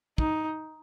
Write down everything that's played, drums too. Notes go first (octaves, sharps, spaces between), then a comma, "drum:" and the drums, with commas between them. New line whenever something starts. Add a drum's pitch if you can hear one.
D#4, drum: kick